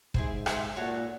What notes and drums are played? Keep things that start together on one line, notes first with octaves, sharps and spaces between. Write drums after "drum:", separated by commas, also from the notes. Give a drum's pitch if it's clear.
G#2 E4 G#4 C5, drum: kick
E4 G#4 C5, drum: rim click
A#2 F#4 A4 C#5